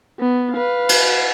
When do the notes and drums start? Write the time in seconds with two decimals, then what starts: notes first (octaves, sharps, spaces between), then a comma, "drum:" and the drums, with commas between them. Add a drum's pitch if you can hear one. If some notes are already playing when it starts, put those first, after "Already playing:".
0.19 B3
0.54 B4 F5
0.89 drum: cymbal